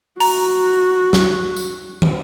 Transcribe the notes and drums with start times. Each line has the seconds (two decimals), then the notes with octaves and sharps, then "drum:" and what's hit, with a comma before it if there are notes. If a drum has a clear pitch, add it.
0.20 F#4 A#5, drum: open hi-hat
1.13 drum: snare
1.56 drum: tambourine
2.02 drum: tom